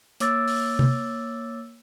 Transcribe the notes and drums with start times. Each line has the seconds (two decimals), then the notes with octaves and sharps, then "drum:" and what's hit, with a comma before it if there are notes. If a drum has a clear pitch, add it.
0.20 A#3 C#5 D6 E6 A6, drum: hi-hat
0.48 drum: open hi-hat
0.79 drum: tom